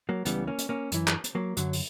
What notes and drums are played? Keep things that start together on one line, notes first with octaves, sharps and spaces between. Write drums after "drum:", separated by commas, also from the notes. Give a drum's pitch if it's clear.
F#3 A#3
C#2 C#3 E3 G3 B3, drum: hi-hat
A#3 C#4
drum: hi-hat
A#3 C#4
F#2 E3, drum: hi-hat
drum: clap
drum: hi-hat
F#3 A#3
F#2 D3 F#3, drum: hi-hat
drum: open hi-hat